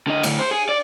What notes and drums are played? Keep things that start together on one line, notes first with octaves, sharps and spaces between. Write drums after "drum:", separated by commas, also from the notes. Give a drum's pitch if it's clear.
D3 D#5
A2 D3, drum: cymbal
C5
G#4
D5